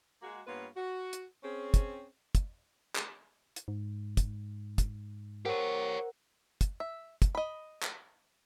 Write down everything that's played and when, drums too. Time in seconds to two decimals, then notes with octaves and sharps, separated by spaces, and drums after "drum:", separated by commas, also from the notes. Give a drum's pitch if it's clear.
0.22 G#3 A#3 F#4
0.47 G2 A#3 B3 F4 B4 C#5
0.76 F#4
1.13 drum: hi-hat
1.43 C4 C#4 G#4
1.74 drum: kick, hi-hat
2.35 drum: kick, hi-hat
2.96 drum: clap
3.56 drum: hi-hat
3.68 G#2
4.17 drum: kick, hi-hat
4.78 drum: kick, hi-hat
5.45 G4 A#4 C5 C#5 F#5
6.61 drum: kick, hi-hat
6.80 E5
7.22 drum: kick, hi-hat
7.35 D#5 B5
7.83 drum: clap